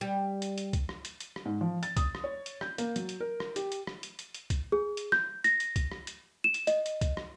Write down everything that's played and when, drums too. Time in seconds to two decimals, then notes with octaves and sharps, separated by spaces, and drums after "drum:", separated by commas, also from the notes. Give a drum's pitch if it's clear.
0.01 G3
0.42 drum: hi-hat
0.58 drum: hi-hat
0.73 drum: kick, hi-hat
0.89 drum: rim click
1.05 drum: hi-hat
1.20 drum: hi-hat
1.36 drum: rim click
1.45 G#2
1.61 F3
1.83 A6, drum: hi-hat
1.97 D#6, drum: kick, hi-hat
2.15 drum: rim click
2.24 C#5
2.46 drum: hi-hat
2.61 G6, drum: rim click
2.78 A#3, drum: hi-hat
2.96 F#3, drum: hi-hat
3.09 drum: hi-hat
3.20 A#4
3.40 drum: rim click
3.56 G4, drum: hi-hat
3.72 drum: hi-hat
3.87 drum: rim click
4.03 drum: hi-hat
4.19 drum: hi-hat
4.34 drum: hi-hat
4.50 drum: kick, hi-hat
4.72 G#4
4.97 drum: hi-hat
5.12 G6, drum: rim click
5.44 A#6, drum: hi-hat
5.60 drum: hi-hat
5.76 drum: kick, hi-hat
5.92 drum: rim click
6.07 drum: hi-hat
6.44 E7
6.54 drum: hi-hat
6.67 D#5, drum: hi-hat
6.86 drum: hi-hat
7.01 drum: kick, hi-hat
7.17 drum: rim click